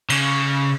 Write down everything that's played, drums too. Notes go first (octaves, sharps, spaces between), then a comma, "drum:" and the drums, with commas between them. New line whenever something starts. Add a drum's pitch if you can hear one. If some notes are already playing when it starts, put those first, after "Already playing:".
C#3, drum: cymbal